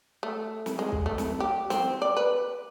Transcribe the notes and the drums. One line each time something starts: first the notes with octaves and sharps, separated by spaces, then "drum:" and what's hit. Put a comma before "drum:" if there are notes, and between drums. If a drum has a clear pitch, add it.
A3
drum: snare
G#3
drum: kick
A3
drum: snare
G4
C4, drum: snare
D5
B4